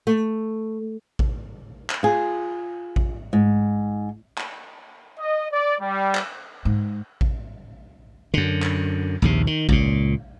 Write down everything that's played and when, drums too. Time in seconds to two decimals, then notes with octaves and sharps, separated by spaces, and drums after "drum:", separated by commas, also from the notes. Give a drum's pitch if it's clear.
0.07 A3
1.19 drum: kick A1
1.90 drum: clap
2.03 F4 G#4
2.96 drum: kick A1
3.33 G#2
4.38 drum: clap
5.18 D#5
5.51 D5
5.80 G3
6.15 drum: clap
6.65 G#2
7.21 drum: kick A1
8.34 F#2 D3
8.63 drum: clap
9.22 A#1 D#2 C3
9.47 D#3
9.69 C#2 A#2, drum: kick A1